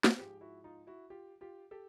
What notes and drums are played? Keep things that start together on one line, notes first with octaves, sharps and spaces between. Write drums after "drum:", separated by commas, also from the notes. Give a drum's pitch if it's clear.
drum: snare
G#2 F3 G#3 F4 G4
E4 F#4
D#4 F4
E4 F#4
F4 G4
F4 G4
G4 A4